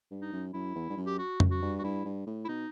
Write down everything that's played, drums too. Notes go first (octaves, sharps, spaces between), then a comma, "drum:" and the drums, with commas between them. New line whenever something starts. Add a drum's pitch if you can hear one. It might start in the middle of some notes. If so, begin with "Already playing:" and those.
G2
D#4
F#2
F#2 E4
E2
G2
F#2
G4
F#4
F#2, drum: tom F2
F#4
G2
F#4
G2 E4
G2
A2
E4
B2 D#4